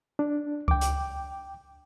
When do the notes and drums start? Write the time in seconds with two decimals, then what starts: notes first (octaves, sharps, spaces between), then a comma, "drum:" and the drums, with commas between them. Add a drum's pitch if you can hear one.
0.19 D4
0.68 G5 D6, drum: kick C#2
0.81 drum: hi-hat